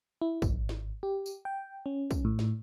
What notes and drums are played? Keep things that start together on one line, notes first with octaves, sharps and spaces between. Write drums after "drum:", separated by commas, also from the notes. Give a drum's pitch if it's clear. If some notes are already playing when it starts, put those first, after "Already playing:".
E4
G#1, drum: kick, tambourine
drum: snare
G4
drum: tambourine
G5
C#4
drum: kick, tambourine
A2
drum: snare